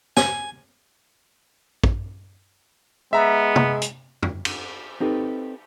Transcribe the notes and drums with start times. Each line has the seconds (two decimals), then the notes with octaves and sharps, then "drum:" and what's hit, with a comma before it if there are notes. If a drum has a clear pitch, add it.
0.17 G#5, drum: snare
1.84 drum: kick
3.13 G#3 B3 E5 A#5
3.56 drum: tom
3.82 drum: hi-hat
4.23 drum: tom F2
4.45 drum: cymbal
5.00 C4 D#4 G4 A4 B4